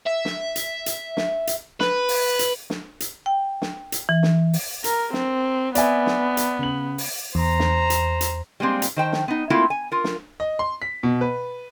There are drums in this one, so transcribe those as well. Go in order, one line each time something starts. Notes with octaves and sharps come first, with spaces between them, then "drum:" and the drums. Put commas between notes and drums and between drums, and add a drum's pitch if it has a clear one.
E5
drum: snare
drum: hi-hat
drum: hi-hat
drum: snare
drum: hi-hat
B4, drum: snare
drum: open hi-hat
drum: hi-hat
drum: snare
drum: hi-hat
G5
drum: snare
drum: hi-hat
E3
drum: snare
drum: open hi-hat
A#4, drum: hi-hat
C4, drum: snare
B3 D5 E5 G#5, drum: hi-hat
drum: snare
drum: hi-hat
C#3 F#7
drum: open hi-hat
E2 C5 A#5
drum: snare
drum: hi-hat
drum: hi-hat
G3 G#3 A#3 C4
drum: hi-hat
D#3 C5 G5 A5
drum: snare
B3 D#4
A3 A#3 C4 E4 F4
G#5
F4 A#4
drum: snare
D#5
C6
B6
B2
B4